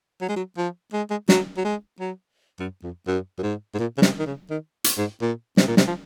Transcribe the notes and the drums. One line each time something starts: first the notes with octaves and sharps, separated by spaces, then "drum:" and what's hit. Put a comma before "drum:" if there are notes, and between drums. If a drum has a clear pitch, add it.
F#3
G#3
F#3
F3
G#3
G#3
F#3, drum: snare
F#3
G#3
F#3
F#2
F2
F#2
F#2
G#2
G#2
A#2
C#3
C3, drum: snare
D#3
C#3
D#3
drum: hi-hat
G#2
A#2
C3, drum: snare
A#2
C3, drum: snare
F3